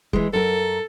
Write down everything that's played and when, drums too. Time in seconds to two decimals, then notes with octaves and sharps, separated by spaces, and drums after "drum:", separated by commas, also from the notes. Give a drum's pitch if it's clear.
0.13 E3 G#3, drum: kick F1
0.33 F#2 A4 A#4